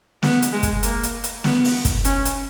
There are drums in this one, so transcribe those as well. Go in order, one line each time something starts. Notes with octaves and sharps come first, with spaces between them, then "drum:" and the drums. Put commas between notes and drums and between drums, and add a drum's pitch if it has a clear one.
B3, drum: snare
drum: hi-hat
G#3
drum: kick, hi-hat
A#3, drum: hi-hat
drum: hi-hat
drum: hi-hat
B3, drum: snare
drum: open hi-hat
drum: kick, hi-hat
C#4, drum: hi-hat
drum: hi-hat